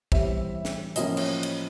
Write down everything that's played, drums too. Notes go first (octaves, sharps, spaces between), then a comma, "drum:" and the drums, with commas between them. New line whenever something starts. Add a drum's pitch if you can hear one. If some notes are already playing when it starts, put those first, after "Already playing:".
A2 E3 G3 C4 E5, drum: kick
drum: snare
A2 F3 A#3 C#4 D#5, drum: hi-hat
drum: cymbal
drum: cymbal